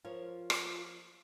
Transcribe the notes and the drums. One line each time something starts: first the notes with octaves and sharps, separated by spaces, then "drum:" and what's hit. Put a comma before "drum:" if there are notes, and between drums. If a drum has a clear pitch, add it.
F3 F4 A#4 C#5
drum: rim click